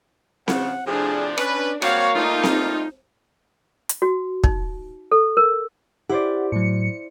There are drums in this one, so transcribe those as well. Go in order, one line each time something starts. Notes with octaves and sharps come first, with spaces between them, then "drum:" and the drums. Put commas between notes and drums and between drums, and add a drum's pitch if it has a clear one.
C#3 F3 F#5, drum: snare C4
A2 C3 F3 D4 G#4
C#4 B4, drum: rim click
G3 A#3 C4 F#4 C#5 F5, drum: rim click
G3 A3 D#4 F4
drum: snare C4
drum: hi-hat
F#4
D#4, drum: kick
A4
A#4
E4 G4 C5 D5 F#5
A2 F#3 C#7